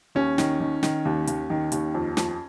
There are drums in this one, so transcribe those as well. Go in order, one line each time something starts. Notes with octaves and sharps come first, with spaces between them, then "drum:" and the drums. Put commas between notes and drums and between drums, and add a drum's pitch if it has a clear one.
D#2 C#4
D#3, drum: snare
D#3
D#3, drum: snare
D#2
D#2, drum: hi-hat
D#3
D#2, drum: hi-hat
F2
F2, drum: snare